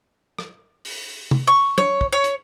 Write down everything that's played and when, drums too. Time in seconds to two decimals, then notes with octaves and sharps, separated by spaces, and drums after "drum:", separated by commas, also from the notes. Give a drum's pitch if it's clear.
0.39 drum: rim click
0.85 drum: open hi-hat
1.31 drum: tom
1.47 C#6
1.78 C#5, drum: tom
2.01 drum: kick
2.13 C#5
2.24 drum: hi-hat